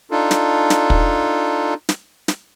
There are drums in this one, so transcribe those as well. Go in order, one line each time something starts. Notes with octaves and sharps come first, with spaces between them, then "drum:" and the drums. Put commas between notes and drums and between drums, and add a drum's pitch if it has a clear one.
D4 D#4 F4 A4
drum: snare
drum: snare
drum: kick
drum: snare
drum: snare